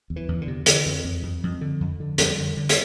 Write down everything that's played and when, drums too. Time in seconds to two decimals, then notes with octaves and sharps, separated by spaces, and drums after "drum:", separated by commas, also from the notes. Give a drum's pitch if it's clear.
0.10 E2
0.16 E3
0.29 E2
0.41 D3
0.48 C3
0.66 D3 E3, drum: hi-hat
0.85 F2
1.04 F2
1.23 F2
1.43 F2
1.61 D3
1.81 F2
2.00 D3
2.18 F2 G3, drum: hi-hat
2.37 D3
2.57 D3
2.69 drum: hi-hat